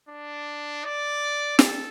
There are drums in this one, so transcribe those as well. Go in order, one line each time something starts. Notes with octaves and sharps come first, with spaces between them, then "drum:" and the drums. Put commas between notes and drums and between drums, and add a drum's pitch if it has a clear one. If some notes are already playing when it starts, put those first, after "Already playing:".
D4
D5
A4, drum: snare